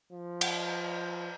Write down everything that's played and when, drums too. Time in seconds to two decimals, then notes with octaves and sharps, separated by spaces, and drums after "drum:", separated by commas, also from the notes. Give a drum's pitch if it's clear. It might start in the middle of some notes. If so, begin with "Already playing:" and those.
0.12 F3
0.41 drum: cymbal